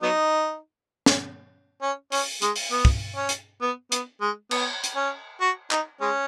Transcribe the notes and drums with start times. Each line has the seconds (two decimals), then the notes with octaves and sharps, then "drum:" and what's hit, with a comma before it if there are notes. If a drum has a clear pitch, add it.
0.02 F#3 B3 D#4
1.06 drum: snare
1.82 C#4
2.12 C#4, drum: open hi-hat
2.42 G#3, drum: hi-hat
2.56 drum: open hi-hat
2.72 B3
2.85 drum: kick
3.16 C#4
3.29 drum: hi-hat
3.62 B3
3.92 B3, drum: hi-hat
4.21 G#3
4.51 B3, drum: cymbal
4.84 drum: hi-hat
4.96 C#4
5.41 F#4
5.71 D#4, drum: clap
6.01 G#3 C#4